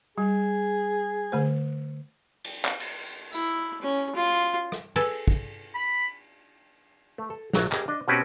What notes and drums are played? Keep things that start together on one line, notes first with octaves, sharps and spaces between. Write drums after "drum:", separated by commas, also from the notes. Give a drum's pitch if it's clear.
G3 G#4
D3 A3 C5
drum: cymbal
drum: clap
drum: cymbal
E4, drum: tambourine
C#4
F4
drum: rim click
G#4 A4 B4, drum: cymbal
drum: kick
B5
A3
A4
A#1 F#3 D5 A#5, drum: snare
G4 G#4 A#4 D#5, drum: clap
D4 D#5
B2 C4 C#4 F#4 G4 B4